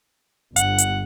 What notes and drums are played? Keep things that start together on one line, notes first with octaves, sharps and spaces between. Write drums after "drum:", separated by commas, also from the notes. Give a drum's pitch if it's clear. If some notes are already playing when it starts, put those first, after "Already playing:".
G1 F#5, drum: hi-hat
drum: hi-hat